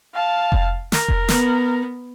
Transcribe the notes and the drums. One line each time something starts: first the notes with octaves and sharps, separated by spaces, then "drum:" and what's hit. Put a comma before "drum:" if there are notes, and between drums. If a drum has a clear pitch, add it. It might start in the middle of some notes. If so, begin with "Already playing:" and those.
F5 A5
drum: kick F1
A#4, drum: snare
drum: kick F1
B3, drum: snare